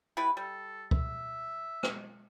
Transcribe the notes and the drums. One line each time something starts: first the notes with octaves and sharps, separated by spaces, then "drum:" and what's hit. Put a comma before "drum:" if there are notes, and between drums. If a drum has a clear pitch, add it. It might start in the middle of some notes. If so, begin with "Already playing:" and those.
G3 E4 B4
G3 A4
E5, drum: kick C#2
drum: rim click